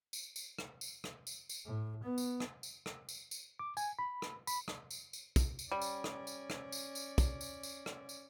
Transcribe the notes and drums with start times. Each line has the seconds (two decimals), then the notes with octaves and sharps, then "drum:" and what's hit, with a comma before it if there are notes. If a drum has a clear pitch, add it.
0.13 drum: tambourine
0.36 drum: tambourine
0.58 drum: rim click
0.81 drum: tambourine
1.04 drum: rim click
1.27 drum: tambourine
1.49 drum: tambourine
1.66 A2
2.04 B3
2.18 drum: tambourine
2.40 drum: rim click
2.63 drum: tambourine
2.86 drum: rim click
3.09 drum: tambourine
3.31 drum: tambourine
3.59 D6
3.77 G#5, drum: tambourine
3.99 B5
4.22 drum: rim click
4.47 B5, drum: tambourine
4.68 drum: rim click
4.91 drum: tambourine
5.13 drum: tambourine
5.36 drum: kick, tambourine
5.59 drum: tambourine
5.72 G3 C#4 D5
5.81 drum: tambourine
6.04 drum: rim click
6.27 drum: tambourine
6.50 drum: rim click
6.72 drum: tambourine
6.95 drum: tambourine
7.18 drum: kick, tambourine
7.41 drum: tambourine
7.63 drum: tambourine
7.86 drum: rim click
8.09 drum: tambourine